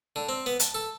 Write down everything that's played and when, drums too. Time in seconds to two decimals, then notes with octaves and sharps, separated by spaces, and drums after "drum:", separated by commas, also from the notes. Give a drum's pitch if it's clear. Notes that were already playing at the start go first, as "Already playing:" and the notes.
0.16 D3
0.29 C4
0.46 B3
0.60 A5, drum: hi-hat
0.74 A4